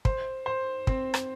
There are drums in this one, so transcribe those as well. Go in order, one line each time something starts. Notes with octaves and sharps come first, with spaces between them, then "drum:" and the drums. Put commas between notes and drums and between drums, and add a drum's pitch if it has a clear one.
C5, drum: kick
C5
C4, drum: kick
drum: rim click